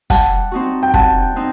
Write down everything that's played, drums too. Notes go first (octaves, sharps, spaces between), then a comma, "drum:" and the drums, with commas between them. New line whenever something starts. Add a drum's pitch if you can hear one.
G3 F#5 A5, drum: kick, hi-hat
C4 D#4 F#4
G5
G3 F#5 A5, drum: kick
C4 D#4